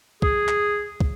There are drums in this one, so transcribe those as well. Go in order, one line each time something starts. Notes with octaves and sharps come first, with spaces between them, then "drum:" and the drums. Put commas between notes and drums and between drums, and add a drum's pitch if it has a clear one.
G#4, drum: kick
drum: clap
drum: kick